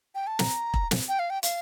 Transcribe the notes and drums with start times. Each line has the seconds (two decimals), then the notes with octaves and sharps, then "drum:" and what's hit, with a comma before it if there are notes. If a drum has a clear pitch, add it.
0.15 G5
0.27 A5
0.39 A#5, drum: snare
0.74 drum: kick E1
0.91 drum: snare
1.08 G5
1.19 F5
1.30 G5
1.43 F5, drum: hi-hat